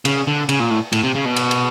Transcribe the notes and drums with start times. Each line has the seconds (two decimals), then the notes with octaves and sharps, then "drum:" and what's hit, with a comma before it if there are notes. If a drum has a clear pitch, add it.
0.05 C#3, drum: cymbal
0.27 D3
0.49 C#3, drum: cymbal
0.60 A#2
0.71 A2
0.93 A2, drum: cymbal
1.03 C3
1.15 C#3
1.25 B2
1.36 drum: cymbal
1.51 drum: cymbal